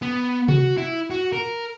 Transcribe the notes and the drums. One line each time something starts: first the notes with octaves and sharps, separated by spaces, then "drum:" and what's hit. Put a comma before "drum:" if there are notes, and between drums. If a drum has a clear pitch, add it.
B3
F#4, drum: tom C3
E4
F#4
A#4